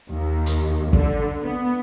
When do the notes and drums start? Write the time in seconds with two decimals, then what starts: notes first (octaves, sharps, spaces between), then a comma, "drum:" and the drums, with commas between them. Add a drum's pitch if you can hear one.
0.10 D#2
0.46 drum: hi-hat
0.93 D3, drum: kick
1.42 B3